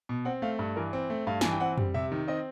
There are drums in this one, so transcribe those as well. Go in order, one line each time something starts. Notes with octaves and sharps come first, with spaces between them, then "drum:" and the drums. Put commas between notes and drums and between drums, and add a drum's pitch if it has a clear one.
B2
C4 F#5
A3 F5
G2
E3 A#4
C4
A3
G2 F5
E3 G#5, drum: snare
G5
C4 F#5
G3, drum: tom F2
C3 E5
D#3
C4 D#5